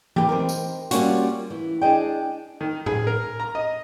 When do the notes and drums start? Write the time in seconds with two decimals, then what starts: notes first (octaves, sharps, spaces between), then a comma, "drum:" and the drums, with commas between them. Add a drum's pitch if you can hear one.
0.16 G4 G#4 B4, drum: tom E3
0.29 C4 D#4 A#4
0.49 drum: tambourine
0.91 G3 A#3 C#4 F4 F#4, drum: hi-hat
1.50 E3
1.82 D4 G#4 D#5 G5
2.61 D#3
2.86 G#4, drum: tom A2
3.07 A#4
3.40 A#5
3.55 D#5